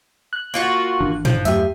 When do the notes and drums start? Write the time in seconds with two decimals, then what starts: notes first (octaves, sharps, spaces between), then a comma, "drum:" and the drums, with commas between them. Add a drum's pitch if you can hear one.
0.33 F#6
0.54 A#3 F4 F#4
1.00 G#1 E3 D4
1.25 F3, drum: tom G2
1.45 E2 F#3 A3 G4 E5, drum: hi-hat